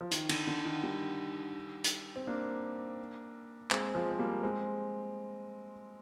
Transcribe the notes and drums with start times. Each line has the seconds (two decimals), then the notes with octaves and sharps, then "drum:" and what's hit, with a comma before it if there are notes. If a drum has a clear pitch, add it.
0.01 F3
0.11 D#3, drum: hi-hat
0.29 D3, drum: cymbal
0.47 D3
0.65 D#3
0.83 D#3 G3
1.84 drum: hi-hat
2.16 C4
2.27 A#3 D4
3.71 G#3 C4, drum: clap
3.95 F3 G#3
4.10 C4
4.19 G3 A#3
4.43 G#3 C4